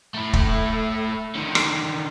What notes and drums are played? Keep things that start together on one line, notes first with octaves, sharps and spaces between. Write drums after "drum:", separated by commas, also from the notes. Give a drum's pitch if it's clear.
A3 E4
drum: kick
D3 D#3
drum: rim click